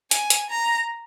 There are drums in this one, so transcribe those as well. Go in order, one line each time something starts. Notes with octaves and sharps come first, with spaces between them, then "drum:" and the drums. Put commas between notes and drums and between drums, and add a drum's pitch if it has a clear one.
G#5, drum: hi-hat
drum: hi-hat
A#5